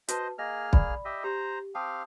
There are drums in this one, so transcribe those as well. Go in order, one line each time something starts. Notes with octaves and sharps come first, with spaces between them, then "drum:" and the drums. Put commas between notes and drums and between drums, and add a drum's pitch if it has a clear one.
F#4 B4 C5 D#5 A5, drum: hi-hat
A#3 G#4 D#5 F6 A#6
D5 B5, drum: kick
G4 D#5 E5
G4 C5 A#5
C4 G4 F5 A5 D#6